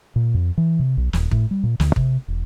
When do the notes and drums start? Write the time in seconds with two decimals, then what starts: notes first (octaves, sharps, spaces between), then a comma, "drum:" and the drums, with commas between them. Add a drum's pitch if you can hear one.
0.16 A#2
0.34 F2
0.57 E3
0.79 C3
0.97 B1
1.13 D#1, drum: snare
1.31 A2, drum: kick
1.51 G3
1.63 A#2
1.80 D2, drum: snare
1.96 C3, drum: kick
2.28 E1